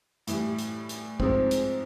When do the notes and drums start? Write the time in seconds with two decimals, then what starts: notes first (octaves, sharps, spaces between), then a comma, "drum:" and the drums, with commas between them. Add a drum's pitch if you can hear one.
0.27 A2 E3 G3, drum: hi-hat
0.58 drum: hi-hat
0.89 drum: hi-hat
1.20 G#2 F3 G#3 C4, drum: kick B1
1.51 drum: hi-hat